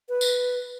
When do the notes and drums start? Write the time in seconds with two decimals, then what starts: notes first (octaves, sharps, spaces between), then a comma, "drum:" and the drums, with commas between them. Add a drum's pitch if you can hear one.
0.09 B4
0.21 drum: tambourine